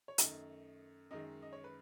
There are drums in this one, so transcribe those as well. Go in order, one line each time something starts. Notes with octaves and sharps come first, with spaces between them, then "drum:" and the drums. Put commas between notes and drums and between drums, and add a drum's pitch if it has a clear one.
C#5
F#2 D#3 A3 D#5, drum: hi-hat
F#2 D#3 G#3 D#5
D#5
C#5
B4